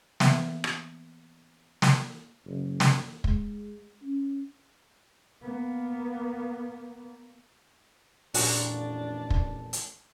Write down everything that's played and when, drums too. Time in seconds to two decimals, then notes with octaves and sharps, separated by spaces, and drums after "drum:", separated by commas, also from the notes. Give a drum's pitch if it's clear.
0.20 E3 A#3 B3 E5, drum: snare
0.64 drum: rim click
1.82 drum: snare
2.46 F#1
2.80 drum: snare
3.24 G#3, drum: kick
4.02 C#4
5.42 A#3 B3
8.34 A1 F2 A#2 D4 F#4 A5, drum: open hi-hat
9.30 drum: kick
9.73 drum: hi-hat